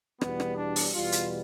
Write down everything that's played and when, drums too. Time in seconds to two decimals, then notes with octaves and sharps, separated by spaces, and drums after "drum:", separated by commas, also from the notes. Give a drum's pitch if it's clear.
0.21 E2 B2 G3 B3, drum: rim click
0.40 drum: rim click
0.57 D4
0.76 drum: open hi-hat
0.94 E2 B2 G3 F4
1.12 drum: hi-hat